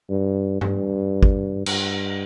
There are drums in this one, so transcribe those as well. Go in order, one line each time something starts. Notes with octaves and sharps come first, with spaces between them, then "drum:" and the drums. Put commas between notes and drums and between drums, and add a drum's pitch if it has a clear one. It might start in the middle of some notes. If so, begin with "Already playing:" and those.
G2
G2, drum: tom G2
drum: kick
G2, drum: cymbal